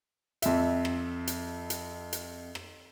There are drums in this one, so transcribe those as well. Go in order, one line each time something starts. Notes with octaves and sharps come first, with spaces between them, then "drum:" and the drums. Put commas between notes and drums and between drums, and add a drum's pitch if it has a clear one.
F2 E5, drum: hi-hat
drum: rim click
drum: hi-hat
drum: hi-hat
drum: hi-hat
drum: rim click